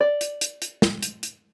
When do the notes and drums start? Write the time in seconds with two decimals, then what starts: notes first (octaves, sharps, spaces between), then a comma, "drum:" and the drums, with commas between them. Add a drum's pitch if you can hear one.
0.01 D5
0.21 drum: hi-hat
0.41 drum: hi-hat
0.62 drum: hi-hat
0.82 drum: snare
1.03 drum: hi-hat
1.23 drum: hi-hat